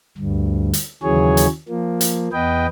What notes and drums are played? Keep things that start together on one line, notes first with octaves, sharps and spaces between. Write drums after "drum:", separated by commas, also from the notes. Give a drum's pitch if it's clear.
D2 G2
drum: hi-hat
D#2 C#3 E3 F#3 G#4 C#5
drum: hi-hat
F3 A#3
drum: hi-hat
E2 B3 B4 D#5 G5